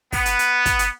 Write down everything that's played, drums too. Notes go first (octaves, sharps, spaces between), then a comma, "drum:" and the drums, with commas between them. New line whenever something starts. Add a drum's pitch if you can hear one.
B3, drum: kick, open hi-hat
drum: hi-hat
drum: hi-hat
drum: kick, hi-hat
drum: hi-hat